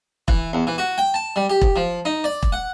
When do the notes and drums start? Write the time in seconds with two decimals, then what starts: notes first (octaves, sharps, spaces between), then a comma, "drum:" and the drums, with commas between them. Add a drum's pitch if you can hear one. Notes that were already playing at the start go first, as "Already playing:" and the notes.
0.28 E3, drum: kick E1
0.53 E2
0.67 E3
0.78 F#4
0.98 G5
1.14 A5
1.36 G3
1.50 G4
1.61 drum: kick E1
1.76 F3
2.05 D#4
2.24 D5
2.43 drum: kick E1
2.52 F#5